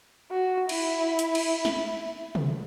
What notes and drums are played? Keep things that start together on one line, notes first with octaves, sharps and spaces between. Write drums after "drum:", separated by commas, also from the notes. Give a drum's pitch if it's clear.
F#4
E4, drum: cymbal
drum: hi-hat
drum: cymbal
drum: snare
drum: tom C3